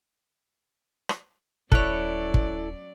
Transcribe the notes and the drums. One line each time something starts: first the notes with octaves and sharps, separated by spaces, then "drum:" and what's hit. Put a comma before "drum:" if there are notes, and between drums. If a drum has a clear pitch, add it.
drum: rim click
D#1 F#3 C#4 E4 A4 B4 C#5 D5, drum: kick
drum: kick